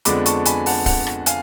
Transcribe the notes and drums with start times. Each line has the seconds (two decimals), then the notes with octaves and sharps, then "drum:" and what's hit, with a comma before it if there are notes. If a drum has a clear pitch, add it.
0.05 F2 D3 G#3 B3 D4 B5 D6, drum: hi-hat
0.26 A5 C#6, drum: hi-hat
0.46 G#5 B5, drum: hi-hat
0.66 F#5 A5, drum: open hi-hat
0.86 F#5, drum: kick C#1, open hi-hat
1.07 drum: rim click
1.26 F5 G#5, drum: hi-hat